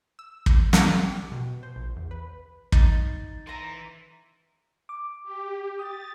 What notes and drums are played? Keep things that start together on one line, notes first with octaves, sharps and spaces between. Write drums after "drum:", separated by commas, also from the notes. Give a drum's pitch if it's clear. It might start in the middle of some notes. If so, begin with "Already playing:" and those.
E6
drum: kick
F#2, drum: snare
G4
B2
C5
A#1
E2
B4
D#4 A6, drum: kick
E3 C5 A#5
D6
G4
D#6 A6